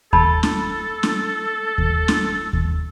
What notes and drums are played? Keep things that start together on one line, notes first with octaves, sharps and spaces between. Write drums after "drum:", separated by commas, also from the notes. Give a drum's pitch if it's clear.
A4 A5 B5, drum: kick D#2
drum: snare
drum: snare
drum: kick D#2
drum: snare
drum: kick D#2